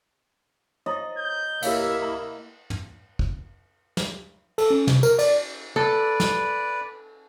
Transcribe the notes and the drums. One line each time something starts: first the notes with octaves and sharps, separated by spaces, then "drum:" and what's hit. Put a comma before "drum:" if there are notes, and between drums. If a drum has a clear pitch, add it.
C#5 D#5 A#5 A6
G6
A#3 E4 G4 C#5 E5 F5, drum: cymbal
A#5
drum: tom
drum: kick
drum: snare
A4, drum: cymbal
C#4
C3, drum: snare
A#4, drum: tambourine
D5, drum: cymbal
A4 B4 D5
drum: snare